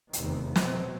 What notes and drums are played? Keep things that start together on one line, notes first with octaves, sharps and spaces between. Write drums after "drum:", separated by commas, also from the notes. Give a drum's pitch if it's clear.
F1 E2 C3 D#3, drum: hi-hat
B2 F#3 C4, drum: snare